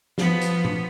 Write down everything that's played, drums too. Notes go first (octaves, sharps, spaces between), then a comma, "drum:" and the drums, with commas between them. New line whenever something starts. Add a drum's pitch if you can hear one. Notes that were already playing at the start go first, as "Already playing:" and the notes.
F3 B3, drum: snare
drum: hi-hat
drum: tom A#2